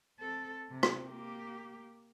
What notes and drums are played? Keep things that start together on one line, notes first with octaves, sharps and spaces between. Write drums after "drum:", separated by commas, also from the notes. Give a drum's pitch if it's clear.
C4 A4
C3
drum: rim click
A#3 G4